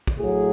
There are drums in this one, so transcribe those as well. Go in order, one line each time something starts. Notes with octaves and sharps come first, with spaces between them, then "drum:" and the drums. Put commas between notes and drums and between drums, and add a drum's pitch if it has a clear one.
drum: kick
A2 F#3 G#4